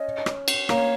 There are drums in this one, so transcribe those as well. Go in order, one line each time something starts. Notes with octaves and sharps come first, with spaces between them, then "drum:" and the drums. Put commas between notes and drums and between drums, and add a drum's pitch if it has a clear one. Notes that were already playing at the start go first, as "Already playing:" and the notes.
Already playing: C#4 D#5
drum: rim click
drum: cymbal
A#3 C#5, drum: rim click